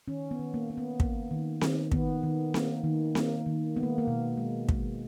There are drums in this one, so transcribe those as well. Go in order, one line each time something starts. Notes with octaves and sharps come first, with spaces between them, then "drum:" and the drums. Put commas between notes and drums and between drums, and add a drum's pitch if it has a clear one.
D#3 C#4
B3
D#3
A#3
A#3
B3
A#3, drum: kick
D#3
D#3, drum: snare C4
D#3 B3, drum: kick
D#3
A#3, drum: snare C4
D#3
A#3, drum: snare C4
D#3
G#3 B3
A#3
A#3
B2
G#3
G#3, drum: kick